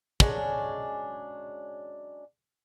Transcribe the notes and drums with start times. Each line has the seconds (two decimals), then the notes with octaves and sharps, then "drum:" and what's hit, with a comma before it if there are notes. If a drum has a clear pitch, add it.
0.20 F#3 G#3 C#4 D4, drum: kick